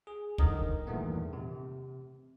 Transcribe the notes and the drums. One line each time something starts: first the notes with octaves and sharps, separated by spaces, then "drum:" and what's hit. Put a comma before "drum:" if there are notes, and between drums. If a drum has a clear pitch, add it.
G#4
C2 D3 D#3 A#4 D#5, drum: kick
E2 G2 A#2 D#3 A3 B3
C3